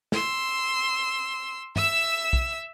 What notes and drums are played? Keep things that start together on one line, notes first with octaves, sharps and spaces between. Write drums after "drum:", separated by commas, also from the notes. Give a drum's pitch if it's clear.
C6 E6, drum: snare
E5 E6, drum: tom G2
drum: kick